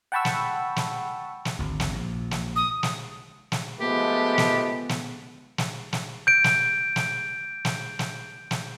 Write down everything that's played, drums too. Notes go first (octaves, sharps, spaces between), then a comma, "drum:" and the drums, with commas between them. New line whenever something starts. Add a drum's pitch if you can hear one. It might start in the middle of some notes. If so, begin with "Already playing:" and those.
F#5 G5 A5 B5 C#6 E6
drum: snare
drum: snare
drum: snare
G#1 D2
drum: snare
A#1
drum: snare
D#6
drum: snare
drum: snare
F3 G#3 A3 B3 G4
drum: snare
drum: snare
drum: snare
drum: snare
G6 D7
drum: snare
drum: snare
drum: snare
drum: snare
drum: snare